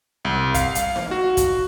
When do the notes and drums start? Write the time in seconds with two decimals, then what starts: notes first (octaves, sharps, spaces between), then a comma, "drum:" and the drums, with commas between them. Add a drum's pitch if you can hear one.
0.25 C2
0.54 F5, drum: kick, hi-hat
0.75 drum: hi-hat
0.96 drum: snare D#4
1.11 F#4
1.37 drum: kick, hi-hat